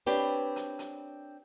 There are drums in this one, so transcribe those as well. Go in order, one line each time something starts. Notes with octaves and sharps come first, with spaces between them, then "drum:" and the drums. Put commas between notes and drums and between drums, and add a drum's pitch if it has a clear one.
C4 D4 G4 B4 C#5
drum: hi-hat
drum: hi-hat